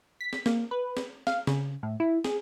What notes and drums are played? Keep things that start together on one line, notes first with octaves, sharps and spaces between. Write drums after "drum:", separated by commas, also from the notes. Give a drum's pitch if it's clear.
B6
drum: snare
A#3, drum: snare
B4
drum: snare
F5, drum: snare
C#3, drum: snare
A2
E4
G#4, drum: snare